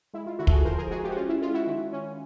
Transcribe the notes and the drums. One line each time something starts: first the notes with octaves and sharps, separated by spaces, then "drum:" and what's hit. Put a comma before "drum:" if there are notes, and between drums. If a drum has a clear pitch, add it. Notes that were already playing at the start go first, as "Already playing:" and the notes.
G#3 E4
F4
D3 E4 F#4
A4, drum: kick
F#4 G#4
F3 A#4 C5
G#4 A#4
G#3 F#4 G#4
F4 G4
F#4
C#4 F4
E4
G#3 F4
E4 F#4
D#3
C#4